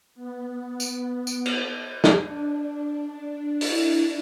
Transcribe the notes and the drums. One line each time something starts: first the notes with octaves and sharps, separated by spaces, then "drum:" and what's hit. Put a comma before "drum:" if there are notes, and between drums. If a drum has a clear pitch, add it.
B3
drum: tambourine
drum: tambourine
drum: cymbal
drum: snare
D4
E4, drum: open hi-hat